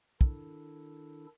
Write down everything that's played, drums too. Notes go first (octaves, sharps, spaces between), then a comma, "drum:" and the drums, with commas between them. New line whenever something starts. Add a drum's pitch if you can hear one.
D#3 D4 E4 A4, drum: kick